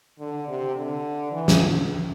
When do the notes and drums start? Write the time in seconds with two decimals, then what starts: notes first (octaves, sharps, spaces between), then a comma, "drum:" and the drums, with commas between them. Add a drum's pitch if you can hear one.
0.19 D3
0.48 C3
0.76 D3
1.32 E3
1.48 drum: snare